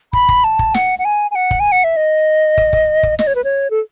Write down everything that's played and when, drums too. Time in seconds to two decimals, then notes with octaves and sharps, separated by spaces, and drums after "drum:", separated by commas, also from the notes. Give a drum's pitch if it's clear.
0.13 B5, drum: kick
0.29 drum: kick
0.44 A5
0.59 drum: kick
0.74 F#5, drum: snare
0.99 F#5
1.05 G#5
1.31 G#5
1.35 F#5
1.51 drum: kick
1.60 G#5
1.72 F#5
1.84 E5
1.97 D#5
2.57 drum: kick
2.73 drum: kick
3.03 drum: kick
3.19 D#5, drum: snare
3.27 C#5
3.35 B4
3.44 C#5
3.71 A4